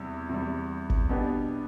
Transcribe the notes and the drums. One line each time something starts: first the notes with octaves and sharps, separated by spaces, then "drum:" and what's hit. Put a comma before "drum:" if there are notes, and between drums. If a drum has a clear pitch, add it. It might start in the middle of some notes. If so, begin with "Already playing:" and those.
Already playing: E2 C3 G3
E2 C3 G3
drum: kick G1
B2 B3 D4 G4